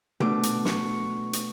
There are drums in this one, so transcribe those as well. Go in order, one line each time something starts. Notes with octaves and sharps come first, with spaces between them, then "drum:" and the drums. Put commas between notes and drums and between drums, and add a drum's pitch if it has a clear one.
B2 A3 D4 D6, drum: tom
drum: hi-hat
C#6, drum: snare
drum: hi-hat